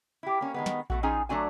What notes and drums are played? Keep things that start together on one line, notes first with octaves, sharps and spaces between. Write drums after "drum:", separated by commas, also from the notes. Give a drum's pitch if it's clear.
E4 G4
A#3 C#4
D#3 G#3 B3
drum: snare
B2 A3 F#4, drum: kick A#1
F3 C#4 D#4 G#4 G#5
F#3 A3 D4 F#4 G#5